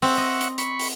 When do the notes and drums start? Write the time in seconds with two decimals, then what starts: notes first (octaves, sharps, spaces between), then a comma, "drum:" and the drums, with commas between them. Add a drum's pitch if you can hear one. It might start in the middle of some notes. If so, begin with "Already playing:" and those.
0.02 C4 E5 F#5 C#6, drum: open hi-hat
0.17 D#5
0.41 drum: hi-hat
0.58 B5 C#6, drum: hi-hat
0.79 drum: open hi-hat